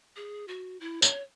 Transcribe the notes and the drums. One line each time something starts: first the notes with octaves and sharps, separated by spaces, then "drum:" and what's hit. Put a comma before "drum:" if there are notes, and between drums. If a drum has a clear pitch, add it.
G#4
F#4
E4
C#5, drum: tambourine